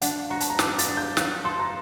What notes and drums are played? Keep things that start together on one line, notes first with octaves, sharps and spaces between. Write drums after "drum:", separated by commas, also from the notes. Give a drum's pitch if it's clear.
D4 F#5, drum: hi-hat
F#4 A#5
A5, drum: hi-hat
A#5
D4 D6, drum: snare
A6, drum: hi-hat
D4
G6
F#3 F#6, drum: snare
A4 C6
A#5